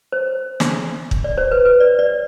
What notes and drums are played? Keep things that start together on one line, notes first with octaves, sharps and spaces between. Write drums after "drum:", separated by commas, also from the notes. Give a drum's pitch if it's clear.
C5
drum: snare
drum: kick
D5
C5
B4
B4
D5
D5